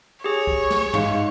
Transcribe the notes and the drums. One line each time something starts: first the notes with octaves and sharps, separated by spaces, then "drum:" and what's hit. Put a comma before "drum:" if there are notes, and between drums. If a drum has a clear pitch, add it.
G4 G#4 C#5 C#6
drum: kick C#2
drum: snare
G#2 F5, drum: tom G#2